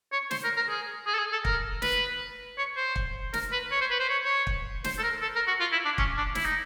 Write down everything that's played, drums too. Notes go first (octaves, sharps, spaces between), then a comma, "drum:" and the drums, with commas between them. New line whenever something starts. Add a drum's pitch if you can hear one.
C#5
C5, drum: snare
A#4
A#4
G#4
G#4
A4
G#4
A4
A#4, drum: kick
B4, drum: snare
C#5
C5
drum: kick
A#4, drum: snare
B4
C#5
C5
B4
C5
C#5
C#5
drum: kick
C5, drum: snare
A4
A#4
A4
A#4
F#4
F4
E4
D4
C#4, drum: kick
D4
E4, drum: snare
D#4